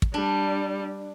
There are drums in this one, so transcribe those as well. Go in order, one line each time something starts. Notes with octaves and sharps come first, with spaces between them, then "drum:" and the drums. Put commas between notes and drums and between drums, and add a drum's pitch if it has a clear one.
drum: kick
G3 D4